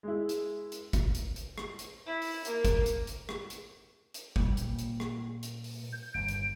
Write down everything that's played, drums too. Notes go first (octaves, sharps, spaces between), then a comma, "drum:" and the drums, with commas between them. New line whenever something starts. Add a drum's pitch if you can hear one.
G#3 E4
drum: hi-hat
drum: hi-hat
drum: kick G1, hi-hat
drum: hi-hat
drum: hi-hat
drum: rim click
drum: hi-hat
E4
drum: open hi-hat
A#3, drum: hi-hat
drum: kick G1, hi-hat
drum: hi-hat
drum: hi-hat
drum: rim click
drum: hi-hat
drum: hi-hat
A#2 G3 A#3, drum: kick G1
drum: hi-hat
drum: hi-hat
drum: rim click
drum: hi-hat
drum: open hi-hat
G6
G1 D7
drum: hi-hat